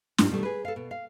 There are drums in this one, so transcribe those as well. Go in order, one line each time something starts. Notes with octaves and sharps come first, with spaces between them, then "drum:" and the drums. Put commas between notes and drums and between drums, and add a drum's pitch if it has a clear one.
G#2 C3 E3 F#3 G3, drum: snare
B2 D#3 G3 A3
G#4 B4
A4 F5
B2
F5